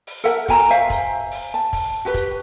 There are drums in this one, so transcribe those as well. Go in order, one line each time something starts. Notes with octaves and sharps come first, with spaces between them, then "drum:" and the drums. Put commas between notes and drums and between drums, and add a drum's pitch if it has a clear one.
drum: open hi-hat
A4 A#4 E5 F#5
F#4 G5 G#5 A#5, drum: kick, open hi-hat
C5 E5 F5 G#5
drum: kick, hi-hat
drum: open hi-hat
A5
drum: kick, open hi-hat
F#4 G4 B4
drum: kick, hi-hat